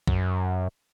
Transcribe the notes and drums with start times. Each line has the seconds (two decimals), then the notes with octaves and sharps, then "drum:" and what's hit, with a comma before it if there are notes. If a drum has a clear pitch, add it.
0.07 F#2, drum: kick A#1